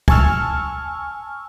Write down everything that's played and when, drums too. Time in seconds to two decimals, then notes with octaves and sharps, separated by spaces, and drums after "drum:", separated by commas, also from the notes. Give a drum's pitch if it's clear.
0.08 G#5 A5 C#6 E6 F6, drum: kick